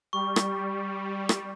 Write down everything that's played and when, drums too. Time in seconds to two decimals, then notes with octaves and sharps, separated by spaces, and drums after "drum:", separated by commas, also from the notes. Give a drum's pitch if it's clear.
0.13 G3 C#6
0.36 drum: rim click
1.29 drum: rim click